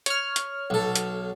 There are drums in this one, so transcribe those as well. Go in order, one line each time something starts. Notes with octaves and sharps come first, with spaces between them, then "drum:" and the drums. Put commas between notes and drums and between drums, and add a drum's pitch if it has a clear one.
C#5 F6, drum: hi-hat
drum: hi-hat
B1 A4
drum: hi-hat